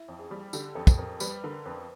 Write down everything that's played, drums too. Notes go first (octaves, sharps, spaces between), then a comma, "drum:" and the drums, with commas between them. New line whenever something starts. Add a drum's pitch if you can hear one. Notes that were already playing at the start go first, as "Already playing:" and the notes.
Already playing: E4
F2
G#4
G3
D3 G4, drum: tambourine
F2 A4
drum: kick, tambourine
F2 A#4
G3 B4, drum: tambourine
D3 A#4
F2 B4